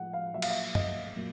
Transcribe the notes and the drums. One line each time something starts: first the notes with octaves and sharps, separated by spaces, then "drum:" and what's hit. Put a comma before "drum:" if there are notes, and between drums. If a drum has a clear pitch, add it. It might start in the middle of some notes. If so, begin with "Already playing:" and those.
Already playing: A2 F3 G#3 F#5
F5
A#2 F#3 E5
F5, drum: cymbal
E5
D#5, drum: tom F#2
A#2 F#3